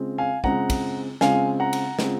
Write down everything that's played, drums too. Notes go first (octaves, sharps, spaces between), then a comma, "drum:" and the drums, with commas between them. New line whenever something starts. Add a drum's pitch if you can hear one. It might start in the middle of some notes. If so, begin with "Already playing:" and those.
Already playing: C#3 G#3 C4 F4
F5 G#5
C#3 G#3 C4 F4 F#5 A#5, drum: kick
drum: kick, cymbal
C#3 G#3 C4 F4 F5 G#5, drum: snare
F#5 A#5
drum: cymbal
C#3 G#3 C4 F4, drum: snare